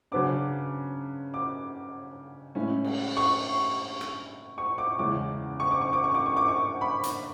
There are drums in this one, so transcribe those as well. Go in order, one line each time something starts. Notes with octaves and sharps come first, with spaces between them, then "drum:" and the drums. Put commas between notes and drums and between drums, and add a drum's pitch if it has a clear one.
C#3 F#3 B3 D4 D6
D6
A2 G#3 C#4
drum: cymbal
C#6
drum: rim click
C#6
D6
E2 C#3 G#3 D6
C#6
D6
C#6
D6
C#6
D6
C#6
D6
C#6
B5
drum: hi-hat